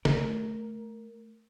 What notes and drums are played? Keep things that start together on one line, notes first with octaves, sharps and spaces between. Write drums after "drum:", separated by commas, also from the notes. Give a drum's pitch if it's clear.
A3 A#4, drum: snare